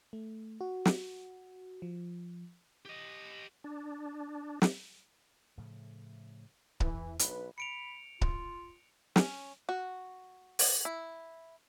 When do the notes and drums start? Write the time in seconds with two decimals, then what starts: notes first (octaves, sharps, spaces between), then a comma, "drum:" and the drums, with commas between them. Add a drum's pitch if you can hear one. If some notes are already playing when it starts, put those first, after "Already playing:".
0.13 A3
0.61 F#4
0.85 drum: snare
1.82 F3
2.85 G4 D#5
3.64 D4
4.62 drum: snare
5.58 A2 C#3 F3
6.80 E2 E3, drum: kick C#1
7.19 B1 D4 B4, drum: hi-hat
7.58 B5 C#7 D7 F7
8.21 F4, drum: kick C#1
9.16 C#4, drum: snare
9.69 F#4
10.59 drum: open hi-hat
10.85 E4